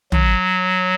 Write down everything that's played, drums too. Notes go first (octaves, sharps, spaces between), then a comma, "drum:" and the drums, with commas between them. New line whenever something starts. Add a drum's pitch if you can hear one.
F#3, drum: tom